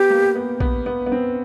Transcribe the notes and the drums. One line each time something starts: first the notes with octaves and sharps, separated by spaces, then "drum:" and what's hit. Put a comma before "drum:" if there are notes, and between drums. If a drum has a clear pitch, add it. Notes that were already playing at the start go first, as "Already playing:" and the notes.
Already playing: B3 G4
A#3
B3
B3, drum: kick A#1
B3
B3
C4